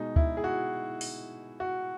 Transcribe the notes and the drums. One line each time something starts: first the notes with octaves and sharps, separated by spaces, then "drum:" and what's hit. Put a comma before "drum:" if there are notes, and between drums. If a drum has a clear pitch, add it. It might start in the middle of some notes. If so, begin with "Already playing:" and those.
Already playing: B2 G#3 D#4
E4, drum: kick D2
G#4
F#4
drum: open hi-hat
F#4